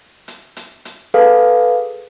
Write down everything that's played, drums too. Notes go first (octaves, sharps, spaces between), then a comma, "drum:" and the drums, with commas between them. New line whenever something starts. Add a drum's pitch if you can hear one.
drum: hi-hat
drum: hi-hat
drum: hi-hat
G#4 A4 B4 F5